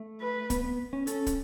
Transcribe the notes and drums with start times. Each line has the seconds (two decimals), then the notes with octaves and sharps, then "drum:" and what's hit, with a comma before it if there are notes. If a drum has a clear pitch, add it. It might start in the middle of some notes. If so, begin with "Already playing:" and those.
Already playing: A3
0.21 B4
0.50 B3, drum: kick, hi-hat
0.64 B3
0.93 C#4
1.07 C#4 A4, drum: hi-hat
1.27 drum: kick, hi-hat